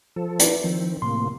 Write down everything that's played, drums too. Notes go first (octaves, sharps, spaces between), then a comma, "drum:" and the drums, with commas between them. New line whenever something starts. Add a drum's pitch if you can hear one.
F3 A4
E4 B4 D5, drum: hi-hat
D#3 F3 C4
A2 C3 A#3 C6